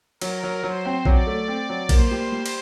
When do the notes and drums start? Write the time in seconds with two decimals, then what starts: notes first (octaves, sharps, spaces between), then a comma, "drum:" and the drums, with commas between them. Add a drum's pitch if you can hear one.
0.21 F#3 A#4, drum: cymbal
0.43 F#3
0.63 F#3 C5
0.85 C4
1.05 F#3 D5, drum: kick A#1
1.27 A3
1.48 C4
1.69 F#3
1.89 A#3 C5, drum: kick A#1, cymbal
2.11 G3
2.32 G3
2.46 drum: cymbal